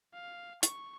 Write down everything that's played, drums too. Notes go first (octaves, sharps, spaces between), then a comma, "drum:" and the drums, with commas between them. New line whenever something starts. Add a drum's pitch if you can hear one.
F5
C#6, drum: hi-hat